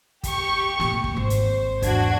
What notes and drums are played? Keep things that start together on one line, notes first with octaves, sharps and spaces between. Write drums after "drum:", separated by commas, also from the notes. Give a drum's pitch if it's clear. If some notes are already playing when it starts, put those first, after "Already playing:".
G4 C#6, drum: kick, hi-hat
A2 A#3, drum: snare
drum: kick
G#1 C5
drum: hi-hat
G#1 E2 D4 F#4 G#6, drum: kick, hi-hat